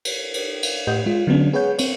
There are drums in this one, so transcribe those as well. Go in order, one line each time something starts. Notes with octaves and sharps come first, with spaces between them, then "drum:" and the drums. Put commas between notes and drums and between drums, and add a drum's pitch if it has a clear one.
drum: cymbal
drum: cymbal
drum: cymbal
A2 G4 B4 D#5 F#5 G6
G#3 F4
D3 F#3 G#3 B3 C#4 D4
G#4 B4 C#5 F#5 G6
C4 C#5, drum: cymbal